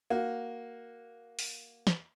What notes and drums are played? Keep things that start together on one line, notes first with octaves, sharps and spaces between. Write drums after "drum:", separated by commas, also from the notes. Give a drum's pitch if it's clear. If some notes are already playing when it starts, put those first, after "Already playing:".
A#3 F#4
drum: open hi-hat
drum: snare